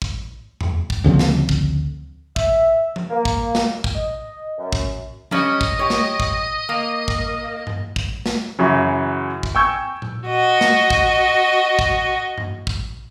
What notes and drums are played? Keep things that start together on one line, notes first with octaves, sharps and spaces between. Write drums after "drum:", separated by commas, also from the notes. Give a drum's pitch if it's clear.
drum: kick
drum: tom E2
drum: kick
D2 C#3 F3 C4
drum: snare
drum: kick
E5, drum: kick
drum: tom F3
A#3
drum: kick
drum: snare
drum: kick
D#5
F#2
drum: kick
G3 C#4 D#5, drum: tom F3
drum: kick
G4 C#5
drum: snare
drum: kick
A#3
drum: kick
drum: tom G2
drum: kick
drum: snare
F#2 C#3 E3 F#3
drum: kick
G5 G#5 C#6 E6 G6 G#6
drum: tom A#2
F#4 D#5
drum: snare
drum: kick
drum: kick
drum: tom G2
drum: kick